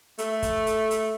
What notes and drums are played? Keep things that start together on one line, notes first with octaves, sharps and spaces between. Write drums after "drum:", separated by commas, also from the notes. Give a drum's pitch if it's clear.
A3, drum: hi-hat
drum: kick, hi-hat
drum: hi-hat
drum: hi-hat